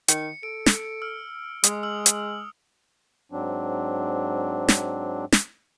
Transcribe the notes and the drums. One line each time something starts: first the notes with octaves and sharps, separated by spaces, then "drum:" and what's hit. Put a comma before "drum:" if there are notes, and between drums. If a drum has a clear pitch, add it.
D#3 C#7, drum: hi-hat
A4 D7
drum: snare
E6 F6
G#3 D#6, drum: hi-hat
E6 F6 F#7
drum: hi-hat
G#2 F#3 C4 D4
drum: snare
drum: snare